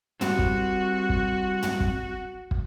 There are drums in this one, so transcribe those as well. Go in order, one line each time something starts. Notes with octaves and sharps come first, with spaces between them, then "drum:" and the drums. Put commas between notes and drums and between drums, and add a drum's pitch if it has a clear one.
G3 C4 F#4, drum: tom
drum: kick
drum: kick
drum: tom
drum: kick
drum: kick